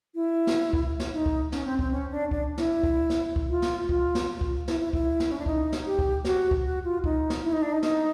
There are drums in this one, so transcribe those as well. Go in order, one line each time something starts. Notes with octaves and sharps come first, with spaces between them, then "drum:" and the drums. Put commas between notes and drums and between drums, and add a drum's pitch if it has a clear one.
E4
drum: snare
drum: kick
drum: snare
D#4
drum: kick
C#4, drum: snare
C4
C4, drum: kick
C#4
D4
D4, drum: kick
E4, drum: snare
drum: kick
drum: snare
drum: kick
F4
drum: snare
F4, drum: kick
drum: snare
drum: kick
E4, drum: snare
E4
E4, drum: kick
drum: snare
C#4
D4
D#4, drum: kick
drum: snare
G4
drum: kick
F#4, drum: snare
drum: kick
F#4
F4
D#4, drum: kick
drum: snare
E4
D#4
D4
D#4
D#4, drum: snare